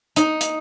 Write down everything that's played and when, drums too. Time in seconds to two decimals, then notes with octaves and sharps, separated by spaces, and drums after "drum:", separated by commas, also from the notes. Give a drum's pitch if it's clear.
0.16 D#4, drum: hi-hat
0.41 drum: hi-hat